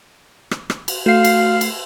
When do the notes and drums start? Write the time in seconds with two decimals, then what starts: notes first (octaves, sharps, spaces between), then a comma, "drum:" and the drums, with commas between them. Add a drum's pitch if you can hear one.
0.51 drum: rim click
0.70 drum: rim click
0.88 drum: cymbal
1.06 A3 F#4 F5 C7
1.24 drum: cymbal
1.61 drum: cymbal